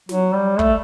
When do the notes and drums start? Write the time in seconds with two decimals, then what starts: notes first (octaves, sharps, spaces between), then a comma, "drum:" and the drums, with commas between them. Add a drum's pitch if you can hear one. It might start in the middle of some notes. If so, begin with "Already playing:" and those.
0.09 F#3, drum: snare
0.34 G3
0.59 A3, drum: kick